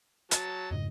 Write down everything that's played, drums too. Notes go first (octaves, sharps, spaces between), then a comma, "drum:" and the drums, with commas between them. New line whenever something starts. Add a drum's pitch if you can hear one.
F#3 A5, drum: hi-hat
F2 G#2 C#3 D#5